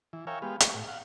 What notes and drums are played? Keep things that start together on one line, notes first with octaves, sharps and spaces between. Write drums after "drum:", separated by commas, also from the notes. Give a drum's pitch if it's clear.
E3
A#4 C#5 E5 F5 G5 G#5
G#3 B3 G4 F5
C#6, drum: hi-hat
A2
F5 F#5